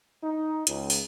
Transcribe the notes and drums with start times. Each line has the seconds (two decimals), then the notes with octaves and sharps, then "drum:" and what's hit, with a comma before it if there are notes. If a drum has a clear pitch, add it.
0.23 D#4
0.67 C#2, drum: hi-hat
0.90 drum: open hi-hat